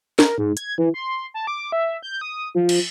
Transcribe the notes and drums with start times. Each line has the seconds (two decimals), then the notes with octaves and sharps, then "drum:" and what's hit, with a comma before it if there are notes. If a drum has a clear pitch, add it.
0.19 A#4, drum: snare
0.38 G#2
0.57 G#6, drum: hi-hat
0.78 E3
0.94 C6
1.34 A5
1.47 D6
1.72 E5
2.02 G6
2.21 D#6
2.55 F3
2.69 drum: cymbal